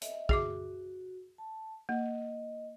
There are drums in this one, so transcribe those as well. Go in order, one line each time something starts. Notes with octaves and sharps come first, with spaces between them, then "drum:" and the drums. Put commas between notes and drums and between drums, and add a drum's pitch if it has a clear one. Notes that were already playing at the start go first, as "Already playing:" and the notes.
D#5 E5, drum: hi-hat
F#4 G#4 E5 D6, drum: kick
A5
A#3 D#5